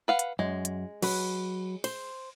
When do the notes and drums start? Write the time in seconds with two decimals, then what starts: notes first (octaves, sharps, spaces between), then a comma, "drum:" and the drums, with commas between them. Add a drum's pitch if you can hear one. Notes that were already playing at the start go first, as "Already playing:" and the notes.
0.08 B4 F5 F#5
0.19 drum: hi-hat
0.39 F#2 G#3
0.65 drum: hi-hat
1.02 F#3 B4, drum: cymbal
1.84 C5, drum: cymbal